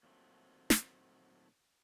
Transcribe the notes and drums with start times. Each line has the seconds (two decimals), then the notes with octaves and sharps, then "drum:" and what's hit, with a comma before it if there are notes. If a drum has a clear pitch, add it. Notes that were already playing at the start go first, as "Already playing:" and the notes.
0.03 A#2 D#3 F#3 A3 C4
0.70 drum: snare